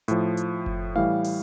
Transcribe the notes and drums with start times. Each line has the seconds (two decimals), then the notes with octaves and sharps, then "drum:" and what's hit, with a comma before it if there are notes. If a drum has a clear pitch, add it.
0.08 A2 F3, drum: hi-hat
0.37 drum: hi-hat
0.66 drum: kick F#1
0.96 A2 E3 G3 F5
1.24 drum: open hi-hat